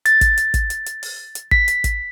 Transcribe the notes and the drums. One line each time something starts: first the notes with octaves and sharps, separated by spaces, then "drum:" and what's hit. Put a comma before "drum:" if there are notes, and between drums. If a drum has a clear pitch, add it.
A6, drum: hi-hat
drum: kick, hi-hat
drum: hi-hat
drum: kick, hi-hat
drum: hi-hat
drum: hi-hat
drum: open hi-hat
drum: hi-hat
B6, drum: kick
drum: hi-hat
drum: kick, hi-hat